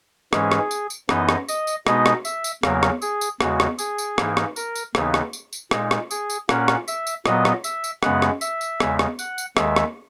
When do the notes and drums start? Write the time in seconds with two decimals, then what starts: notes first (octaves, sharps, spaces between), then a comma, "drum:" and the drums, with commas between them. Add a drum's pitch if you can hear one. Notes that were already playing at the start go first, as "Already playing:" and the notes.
0.33 G#2 E3 G#3 C#4 G#4, drum: rim click
0.52 drum: rim click
0.71 drum: tambourine
0.90 drum: tambourine
1.09 F#2 E3 B3 D#4 D#5, drum: rim click
1.29 drum: rim click
1.48 D#5, drum: tambourine
1.67 drum: tambourine
1.87 B2 G#3 B3 D#4 D#5, drum: rim click
2.06 drum: rim click
2.25 E5, drum: tambourine
2.44 drum: tambourine
2.63 E2 C#3 F#3 A#3 A#4, drum: rim click
2.83 drum: rim click
3.02 G#4, drum: tambourine
3.21 drum: tambourine
3.41 E2 C#3 G#3 F#4, drum: rim click
3.60 drum: rim click
3.79 G#4, drum: tambourine
3.98 drum: tambourine
4.18 G#2 E3 A#3 D#4, drum: rim click
4.37 drum: rim click
4.56 A#4, drum: tambourine
4.75 drum: tambourine
4.95 D#2 C#3 E3 B3 D#4, drum: rim click
5.14 drum: rim click
5.33 drum: tambourine
5.53 drum: tambourine
5.71 A#2 G#3 D#4, drum: rim click
5.91 drum: rim click
6.11 G#4, drum: tambourine
6.30 drum: tambourine
6.49 A#2 A#3 C#4 F#5, drum: rim click
6.68 drum: rim click
6.88 E5, drum: tambourine
7.07 drum: tambourine
7.26 A#2 F#3 B3 D#5, drum: rim click
7.45 drum: rim click
7.64 E5, drum: tambourine
7.84 drum: tambourine
8.03 F#2 C#3 G#3 B3 F#5, drum: rim click
8.22 drum: rim click
8.41 E5, drum: tambourine
8.61 drum: tambourine
8.80 E2 C#3 G#3, drum: rim click
8.99 drum: rim click
9.19 F#5, drum: tambourine
9.38 drum: tambourine
9.57 D#2 D#3 G#3 E5, drum: rim click
9.76 drum: rim click